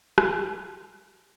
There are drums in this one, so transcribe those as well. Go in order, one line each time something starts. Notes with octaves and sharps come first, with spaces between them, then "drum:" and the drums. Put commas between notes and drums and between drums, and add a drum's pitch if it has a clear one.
D#4 A#4 G#5 D#6, drum: rim click